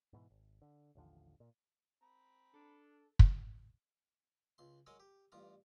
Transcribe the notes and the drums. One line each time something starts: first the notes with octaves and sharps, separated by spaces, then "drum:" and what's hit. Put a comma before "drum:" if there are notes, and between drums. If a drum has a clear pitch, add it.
G#2 B2 E3
G#1
D3
A1 D#2 D3 F3
A#2
C4 A#5 B5
D4 A4
drum: kick
C#2 C6
F#3 G#3 A#4 C#5 D#5
G4
A1 G2 F4 A#5